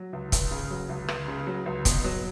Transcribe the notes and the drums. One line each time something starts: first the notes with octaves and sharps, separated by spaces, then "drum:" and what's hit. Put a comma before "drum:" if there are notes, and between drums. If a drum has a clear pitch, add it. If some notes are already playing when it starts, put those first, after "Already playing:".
Already playing: F#3
C#2
C#2, drum: kick, hi-hat
C#3
F#3
C#2
C#2, drum: rim click
C#3
F#3
C#2
B2, drum: kick, hi-hat
F#3